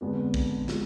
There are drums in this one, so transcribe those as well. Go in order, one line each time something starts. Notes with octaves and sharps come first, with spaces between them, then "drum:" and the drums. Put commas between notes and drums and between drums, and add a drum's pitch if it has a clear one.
F2 D3 G#3 B3 D4
drum: kick
F3 G#3, drum: snare